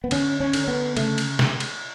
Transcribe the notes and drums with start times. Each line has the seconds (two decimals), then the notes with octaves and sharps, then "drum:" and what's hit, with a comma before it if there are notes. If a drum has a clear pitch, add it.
0.04 B3
0.11 D3 C#4, drum: cymbal
0.40 C#4
0.53 D3, drum: cymbal
0.68 B3
0.97 C#3 A3, drum: cymbal
1.18 drum: cymbal
1.39 drum: snare
1.60 drum: cymbal